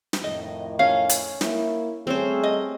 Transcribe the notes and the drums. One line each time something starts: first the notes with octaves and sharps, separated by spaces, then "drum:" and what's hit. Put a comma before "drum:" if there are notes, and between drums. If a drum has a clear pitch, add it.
drum: snare
F2 A2 D#3 D#5
C#4 F5
drum: hi-hat
A#3 E4, drum: snare
G3 A3 C4 C#4 G#4 C5
D#5